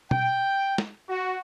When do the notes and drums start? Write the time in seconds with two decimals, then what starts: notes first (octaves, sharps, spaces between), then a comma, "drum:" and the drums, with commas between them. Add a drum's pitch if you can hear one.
0.11 G5, drum: tom
0.78 drum: snare
1.09 F#4